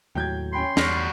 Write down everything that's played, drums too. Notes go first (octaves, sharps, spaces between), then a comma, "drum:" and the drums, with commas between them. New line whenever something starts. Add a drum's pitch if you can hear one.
D#2 A2 F#3 G5 G6 G#6
C#4 G5 B5 C6
E2 G3 F#4 F6 A#6, drum: snare